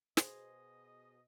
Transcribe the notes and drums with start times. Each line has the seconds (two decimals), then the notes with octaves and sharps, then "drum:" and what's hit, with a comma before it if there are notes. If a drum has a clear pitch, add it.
0.17 B2 G#4 C5 D#5, drum: snare